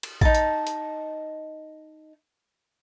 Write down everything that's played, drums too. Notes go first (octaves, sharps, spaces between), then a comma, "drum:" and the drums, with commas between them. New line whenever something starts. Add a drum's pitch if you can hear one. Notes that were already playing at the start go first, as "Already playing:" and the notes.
drum: cymbal
D#4 A5, drum: kick A1
drum: hi-hat
drum: hi-hat